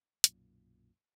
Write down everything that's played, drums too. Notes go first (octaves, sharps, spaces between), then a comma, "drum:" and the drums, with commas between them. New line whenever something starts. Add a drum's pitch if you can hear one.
B1 F#2 A#2, drum: hi-hat